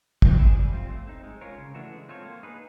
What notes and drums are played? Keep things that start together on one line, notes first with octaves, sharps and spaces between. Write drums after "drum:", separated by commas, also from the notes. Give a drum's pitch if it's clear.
C4, drum: kick
E4 G#4
G3
C4 F4
A3
C4 D#4
G#3
C#4 F4 A#4 C#5
C#3
E3 A3 D4 F#4
G#3
C4 F4 A4 C#5
A#3
D#4 G#4 B4